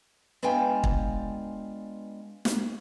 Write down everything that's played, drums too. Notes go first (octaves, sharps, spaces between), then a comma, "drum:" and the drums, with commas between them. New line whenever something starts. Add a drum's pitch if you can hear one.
G#3 B3 D4 F4 G5 G#5
drum: kick
drum: snare